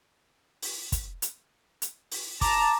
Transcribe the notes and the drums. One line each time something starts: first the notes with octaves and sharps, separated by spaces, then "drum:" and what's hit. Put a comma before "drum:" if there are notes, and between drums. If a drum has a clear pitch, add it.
drum: open hi-hat
drum: kick, hi-hat
drum: hi-hat
drum: hi-hat
drum: open hi-hat
A5 A#5 D6, drum: kick, open hi-hat